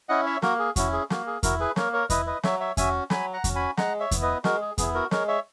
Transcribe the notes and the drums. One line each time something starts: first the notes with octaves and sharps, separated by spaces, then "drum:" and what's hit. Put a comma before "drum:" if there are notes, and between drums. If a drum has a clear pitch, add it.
C#4 E4 D#5 F#5
C#5 E5
A#3 F#4 A#4, drum: snare
G#4
C#4 E4 F#4, drum: kick E2, hi-hat
G#4
A#3 F#4, drum: snare
G#4
E4 F#4 A#4, drum: kick E2, hi-hat
G#4 B4
A#3 A#4 C#5, drum: snare
A#4 C#5
E4 B4 D#5, drum: kick E2, hi-hat
B4 D#5
F#3 C#5 E5, drum: snare
C#5 E5
C#4 F#4 E5 G#5, drum: kick E2, hi-hat
F#3 G#5 B5, drum: snare
F#5 A#5
C#4 F#4, drum: kick E2, hi-hat
G#5 B5
G#3 F#5 A#5, drum: snare
C#5 E5
B3 E4, drum: kick E2, hi-hat
B4 D#5
G#3 F#4 A#4, drum: snare
G#4
B3 E4 G#4, drum: kick E2, hi-hat
F#4 A#4
G#3 A#4 C#5, drum: snare
C#5 E5